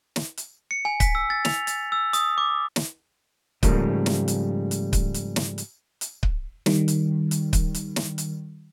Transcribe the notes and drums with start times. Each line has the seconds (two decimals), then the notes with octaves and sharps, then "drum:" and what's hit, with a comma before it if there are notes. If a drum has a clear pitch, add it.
0.16 drum: snare
0.37 drum: hi-hat
0.71 C#7
0.85 G#5
1.00 B6, drum: kick C#1, hi-hat
1.15 E6
1.30 A6
1.45 F7, drum: snare
1.67 A6, drum: hi-hat
1.92 E6
2.13 D#6, drum: hi-hat
2.38 D6
2.76 drum: snare
3.63 G#2 C#3 F3 G3 A3 A#3, drum: kick C#1, hi-hat
4.06 drum: snare
4.28 drum: hi-hat
4.71 drum: hi-hat
4.93 drum: kick C#1, hi-hat
5.14 drum: hi-hat
5.36 drum: snare
5.58 drum: hi-hat
6.01 drum: hi-hat
6.23 drum: kick C#1
6.66 D#3 G3, drum: snare
6.88 drum: hi-hat
7.31 drum: hi-hat
7.53 drum: kick C#1, hi-hat
7.74 drum: hi-hat
7.96 drum: snare
8.18 drum: hi-hat